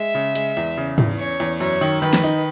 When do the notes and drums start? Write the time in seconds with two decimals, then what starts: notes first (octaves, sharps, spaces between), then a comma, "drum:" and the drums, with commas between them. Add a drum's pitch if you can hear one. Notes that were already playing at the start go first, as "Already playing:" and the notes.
Already playing: G#3 E5
0.15 C#3
0.35 G#3, drum: hi-hat
0.57 E2
0.77 C#3
0.98 E2, drum: tom G#2
1.19 C#4 C#5
1.40 E2
1.60 F#2 C#5
1.81 D#3
2.02 D#3 B4
2.13 drum: snare
2.23 D#4